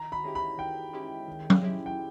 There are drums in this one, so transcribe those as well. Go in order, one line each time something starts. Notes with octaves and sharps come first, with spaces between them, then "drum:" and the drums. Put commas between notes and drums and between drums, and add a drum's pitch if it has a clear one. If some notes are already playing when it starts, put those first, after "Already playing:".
Already playing: D#3 A#5
B5
G#3 C#4 E4 G4
B5
D#3 G5
G#3 C#4 E4 G4
D#3
drum: tom F#3
G#3 C#4 E4 G4
G5